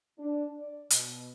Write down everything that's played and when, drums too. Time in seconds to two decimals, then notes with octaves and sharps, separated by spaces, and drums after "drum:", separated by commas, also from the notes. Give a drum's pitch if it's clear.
0.19 D4
0.59 D5
0.90 B2, drum: hi-hat